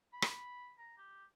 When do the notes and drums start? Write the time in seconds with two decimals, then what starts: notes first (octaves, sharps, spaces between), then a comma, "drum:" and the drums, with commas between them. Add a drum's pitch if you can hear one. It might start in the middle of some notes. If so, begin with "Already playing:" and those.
0.13 B5
0.22 drum: rim click
0.79 A#5
0.98 G4